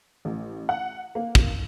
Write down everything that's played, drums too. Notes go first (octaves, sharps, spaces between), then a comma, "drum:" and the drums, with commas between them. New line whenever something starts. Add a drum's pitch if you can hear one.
A1
F#5
A#3
drum: kick